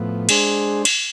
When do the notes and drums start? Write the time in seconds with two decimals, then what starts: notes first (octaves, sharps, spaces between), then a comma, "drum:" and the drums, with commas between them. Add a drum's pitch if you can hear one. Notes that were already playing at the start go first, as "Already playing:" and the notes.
Already playing: A2 F3 B3
0.29 G#3 D4 G#4 C5, drum: cymbal
0.85 drum: cymbal